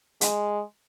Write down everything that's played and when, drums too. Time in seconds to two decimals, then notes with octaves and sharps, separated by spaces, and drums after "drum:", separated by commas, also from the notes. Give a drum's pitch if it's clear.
0.21 G#3, drum: hi-hat